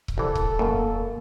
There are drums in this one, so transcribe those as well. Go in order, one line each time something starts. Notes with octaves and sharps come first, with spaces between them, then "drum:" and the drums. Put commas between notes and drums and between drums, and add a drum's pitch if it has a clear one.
drum: kick C#1
E1 C2 E3 A4
drum: kick C#1
F#2 B2 A#3